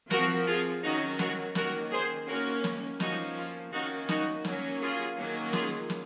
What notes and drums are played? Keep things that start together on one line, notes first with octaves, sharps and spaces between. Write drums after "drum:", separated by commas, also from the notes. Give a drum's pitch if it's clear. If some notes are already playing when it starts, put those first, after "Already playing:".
F3 C4 F#4 A#4, drum: snare
F4 G#4
D#3 F#3 C#4 D#4 F#4
F#4 A#4, drum: snare
D#3 A#3 C#4 F#4 A#4, drum: snare
G#4 C5
D#3 A#3 C#4 F#4 A#4
drum: snare
F3 A#3 C#4 D#4 F#4, drum: snare
F4
D#3 A#3 C#4 D#4 F#4
D#4 F#4, drum: snare
F#3 A#3 C#4, drum: snare
F4 G#4
D#3 F#3 A#3 C#4
F4 G#4, drum: snare
drum: snare